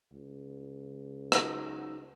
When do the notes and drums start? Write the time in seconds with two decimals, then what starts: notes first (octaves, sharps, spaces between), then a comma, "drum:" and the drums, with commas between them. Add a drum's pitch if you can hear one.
0.13 C#2
1.32 F#3 D#4, drum: rim click